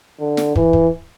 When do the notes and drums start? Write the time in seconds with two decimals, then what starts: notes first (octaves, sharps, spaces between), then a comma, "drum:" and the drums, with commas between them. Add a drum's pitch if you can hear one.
0.19 D3
0.37 drum: snare
0.55 E3, drum: kick
0.73 drum: kick